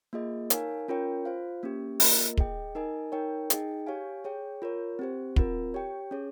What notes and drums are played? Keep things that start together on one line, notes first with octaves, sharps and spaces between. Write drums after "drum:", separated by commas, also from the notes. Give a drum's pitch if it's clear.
A#3 F4 G#4 D#5
D#4 A#4 C#5 F5 G#5, drum: hi-hat
C#4 F4 A#4 C#5 G5
F4 C5 F5
A#3 C#4 G4
A#3 F4 A#4 D#5, drum: open hi-hat
G#4 D#5 G5, drum: kick
D#4 A#4 D#5 G#5
D#4 A#4 C#5 G5
D#4 G#4 D#5 G5, drum: hi-hat
G4 C#5 F5 G#5
G#4 C#5 G5
F4 A#4 C#5
C4 G4 C5
C4 F4 A#4, drum: kick
G4 C#5 G5
C#4 G#4 C#5